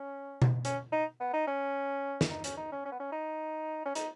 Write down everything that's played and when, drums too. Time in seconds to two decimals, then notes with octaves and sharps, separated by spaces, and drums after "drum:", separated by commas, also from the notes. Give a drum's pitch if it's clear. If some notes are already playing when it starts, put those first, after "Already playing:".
Already playing: C#4
0.42 drum: tom B2
0.65 C#4, drum: hi-hat
0.92 D#4
1.20 B3
1.33 D#4
1.47 C#4
2.21 drum: snare
2.31 D#4
2.44 C#4, drum: hi-hat
2.57 D#4
2.72 C#4
2.85 C#4
2.92 B3
3.00 C#4
3.12 D#4
3.85 C#4
3.95 D#4, drum: hi-hat